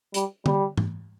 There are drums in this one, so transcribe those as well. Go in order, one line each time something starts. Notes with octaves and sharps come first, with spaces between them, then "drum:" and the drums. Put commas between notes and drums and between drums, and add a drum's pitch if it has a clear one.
G3, drum: hi-hat
G3, drum: tom D3
drum: tom G#2